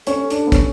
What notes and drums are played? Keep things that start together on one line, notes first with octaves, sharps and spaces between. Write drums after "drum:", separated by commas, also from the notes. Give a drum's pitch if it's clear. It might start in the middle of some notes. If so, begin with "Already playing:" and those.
C#4 A4, drum: hi-hat
D4, drum: hi-hat
B3
C#4, drum: kick, hi-hat